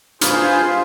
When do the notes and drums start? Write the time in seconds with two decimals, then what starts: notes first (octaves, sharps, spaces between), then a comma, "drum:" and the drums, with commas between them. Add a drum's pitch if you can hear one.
0.21 G2 F4 G#4 C5 D#5 F5 B5, drum: hi-hat